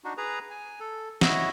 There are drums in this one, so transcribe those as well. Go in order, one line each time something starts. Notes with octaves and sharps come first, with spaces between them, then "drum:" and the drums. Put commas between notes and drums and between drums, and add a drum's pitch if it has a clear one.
D4 D#4 F#4
G#4 B4 A#5
G#5
A4
E4 F#4 C#5 D#5 E5 F#5, drum: snare